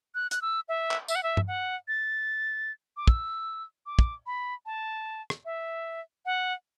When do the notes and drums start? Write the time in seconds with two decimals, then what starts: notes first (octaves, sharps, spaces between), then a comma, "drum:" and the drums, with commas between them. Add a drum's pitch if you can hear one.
0.15 F#6
0.31 F#6, drum: hi-hat
0.42 E6
0.69 E5
0.91 drum: clap
1.08 E5, drum: tambourine
1.15 F#5
1.23 E5
1.37 drum: tom G2
1.48 F#5
1.88 A6
2.97 D6
3.07 E6, drum: kick
3.86 D6
3.99 drum: kick
4.27 B5
4.66 A5
5.30 drum: rim click
5.45 E5
6.26 F#5